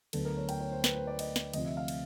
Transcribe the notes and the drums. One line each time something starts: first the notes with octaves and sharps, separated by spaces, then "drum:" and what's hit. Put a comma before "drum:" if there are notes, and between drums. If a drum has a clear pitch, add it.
D2 D3 F#3 B3 A4, drum: cymbal
A#4
C#5
G5, drum: cymbal
C#5
C5
B4, drum: snare
C5
D5
D#5, drum: cymbal
drum: snare
D2 C3 F3 D#5, drum: cymbal
E5
F5
drum: cymbal